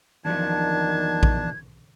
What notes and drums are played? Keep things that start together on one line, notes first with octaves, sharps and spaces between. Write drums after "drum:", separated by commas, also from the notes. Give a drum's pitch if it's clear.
E2 D#3 F3 F#3 D4 A5 G#6
drum: kick A#1